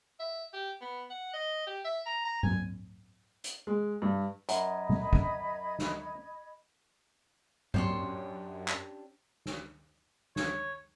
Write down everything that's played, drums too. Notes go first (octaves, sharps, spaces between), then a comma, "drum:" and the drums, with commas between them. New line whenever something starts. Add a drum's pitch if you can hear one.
E5
G4
B3
F#5
D#5
G4
E5
A#5
A#5
G#5, drum: tom A2
drum: hi-hat
G#3
G2
F#2 D#5 B5 G#6, drum: hi-hat
drum: tom A#2
drum: kick G#1
drum: snare
F#2 C#4 D4 G4 C5 C#5 C6, drum: tom A2
drum: clap
drum: snare
C#5, drum: snare